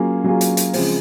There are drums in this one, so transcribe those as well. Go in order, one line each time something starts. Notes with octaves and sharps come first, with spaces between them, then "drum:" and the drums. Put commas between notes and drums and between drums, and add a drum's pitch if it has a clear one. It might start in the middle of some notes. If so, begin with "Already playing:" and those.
Already playing: F#3 A#3 C#4 F4 G#4
F#3 A#3 C#4 F4 G#4
drum: hi-hat
drum: hi-hat
C#3 F3 G#3 C4, drum: open hi-hat